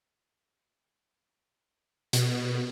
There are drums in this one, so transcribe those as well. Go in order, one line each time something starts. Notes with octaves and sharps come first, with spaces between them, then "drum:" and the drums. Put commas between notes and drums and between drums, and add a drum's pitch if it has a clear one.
B2, drum: hi-hat